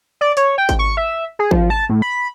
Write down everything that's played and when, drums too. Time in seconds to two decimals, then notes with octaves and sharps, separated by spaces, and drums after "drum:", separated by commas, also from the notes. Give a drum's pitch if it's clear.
0.21 D5
0.37 C#5, drum: hi-hat
0.58 G5
0.69 drum: kick G#1, hi-hat
0.79 C#6
0.97 E5
1.39 G#4
1.51 F3, drum: kick G#1
1.70 A5
1.89 A2
2.02 B5